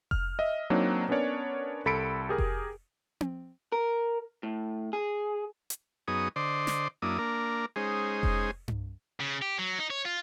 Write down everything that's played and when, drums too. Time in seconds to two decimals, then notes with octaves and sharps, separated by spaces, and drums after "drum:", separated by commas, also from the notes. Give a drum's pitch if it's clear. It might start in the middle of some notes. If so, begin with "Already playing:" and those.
0.11 F6, drum: kick F1
0.39 D#5 E5
0.70 F#3 A#3 C4 D4 D#4
1.09 B3 C#4 D4 A#4 C#5 D5
1.86 C2 A4 B5 B6 C#7 D7
2.29 G4 G#4 A#4
2.38 drum: kick F1
3.21 drum: tom C4
3.72 A#4
4.43 A2
4.93 G#4
5.70 drum: hi-hat
6.08 F#2 B3 D#4 G#4 C#5 D#6
6.36 D3 C5 D5 D#5 C6
6.67 drum: snare
7.02 F#2 A#3 D4 E4 D#6
7.18 A#3 D4 A#4
7.76 G#3 C#4 D#4 G#4 C5
8.23 drum: kick F1
8.68 drum: tom G2
9.20 C#3
9.42 G4
9.59 F#3
9.79 D#4
9.90 C#5
10.05 F4